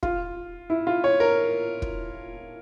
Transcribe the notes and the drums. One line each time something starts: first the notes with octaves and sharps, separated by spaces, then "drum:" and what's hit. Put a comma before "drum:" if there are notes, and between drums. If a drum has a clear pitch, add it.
F4, drum: kick
E4
F4
C#5
A#4
drum: kick